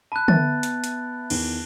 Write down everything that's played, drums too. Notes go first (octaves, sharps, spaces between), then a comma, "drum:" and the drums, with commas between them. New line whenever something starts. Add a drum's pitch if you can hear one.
A5 B5 F#6 D#7
B3 E5 A6, drum: tom D3
drum: hi-hat
drum: hi-hat
E2 D#3, drum: cymbal